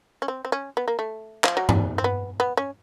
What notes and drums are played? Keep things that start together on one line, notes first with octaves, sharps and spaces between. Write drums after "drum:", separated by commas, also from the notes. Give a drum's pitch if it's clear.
C#4
C4
C4
C#4
B3
A#3
A3
F3, drum: clap
F#3
G3, drum: tom G2
C4
B3
B3
C#4